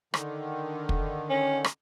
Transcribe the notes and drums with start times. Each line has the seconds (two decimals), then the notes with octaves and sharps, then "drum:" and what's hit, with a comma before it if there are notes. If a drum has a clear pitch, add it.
0.14 D3 D#3, drum: rim click
0.89 drum: kick
1.30 C#4
1.64 drum: rim click